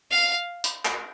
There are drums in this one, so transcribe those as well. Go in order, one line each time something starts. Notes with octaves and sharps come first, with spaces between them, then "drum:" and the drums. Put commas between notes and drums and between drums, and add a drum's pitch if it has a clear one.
F5
drum: hi-hat
drum: clap